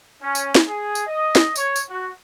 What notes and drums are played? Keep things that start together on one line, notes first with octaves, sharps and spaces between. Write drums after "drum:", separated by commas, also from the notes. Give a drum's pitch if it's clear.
C#4
drum: tambourine
drum: snare
G#4
drum: tambourine
D#5
drum: snare
C#5, drum: tambourine
drum: tambourine
F#4